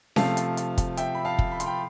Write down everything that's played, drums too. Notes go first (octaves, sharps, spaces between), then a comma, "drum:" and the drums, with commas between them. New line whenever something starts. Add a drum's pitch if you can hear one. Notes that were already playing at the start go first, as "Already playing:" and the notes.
C3 F3 A3 F5 A5, drum: snare C#4
drum: hi-hat
drum: hi-hat
drum: kick, hi-hat
E5 G5, drum: hi-hat
B5
F5 A5
drum: kick
B5
C6, drum: hi-hat
G5 B5